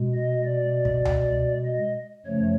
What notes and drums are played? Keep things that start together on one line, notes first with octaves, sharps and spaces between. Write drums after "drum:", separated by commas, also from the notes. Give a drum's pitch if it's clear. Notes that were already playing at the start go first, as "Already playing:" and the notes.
Already playing: B2 G#3
D#5
D5
drum: kick
drum: tom C#2
D#5
F#2 C#3 F3 A3 C#5